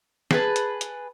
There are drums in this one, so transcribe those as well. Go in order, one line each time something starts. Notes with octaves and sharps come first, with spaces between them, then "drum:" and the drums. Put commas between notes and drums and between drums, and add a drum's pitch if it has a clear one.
G#4 B4 A5, drum: snare
drum: hi-hat
drum: hi-hat